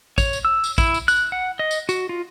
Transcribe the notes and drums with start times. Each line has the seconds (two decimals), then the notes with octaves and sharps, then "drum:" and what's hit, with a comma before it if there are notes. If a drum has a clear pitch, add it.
0.18 C#5, drum: kick, tambourine
0.33 drum: tambourine
0.45 E6
0.64 drum: tambourine
0.78 E4, drum: kick, tambourine
0.94 drum: tambourine
1.08 F#6, drum: tambourine
1.32 F#5
1.59 D#5
1.71 drum: tambourine
1.89 F#4, drum: tambourine
2.09 F4